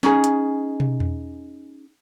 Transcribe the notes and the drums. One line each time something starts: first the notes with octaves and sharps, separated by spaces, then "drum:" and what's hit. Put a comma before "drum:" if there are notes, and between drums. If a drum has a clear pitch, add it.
C#4 D#4 G#4, drum: snare
drum: hi-hat
drum: tom
drum: tom E2